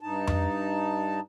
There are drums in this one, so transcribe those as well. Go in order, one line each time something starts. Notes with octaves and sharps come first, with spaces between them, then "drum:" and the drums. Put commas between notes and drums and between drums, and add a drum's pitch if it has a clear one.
G2 D#4 A5
drum: tom F2